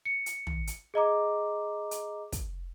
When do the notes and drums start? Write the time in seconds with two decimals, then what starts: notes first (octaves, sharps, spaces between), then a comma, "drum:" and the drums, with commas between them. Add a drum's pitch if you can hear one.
0.05 C#7
0.26 drum: hi-hat
0.47 drum: tom
0.67 drum: hi-hat
0.94 G#4 D#5 A#5 D6
1.91 drum: hi-hat
2.32 drum: kick, hi-hat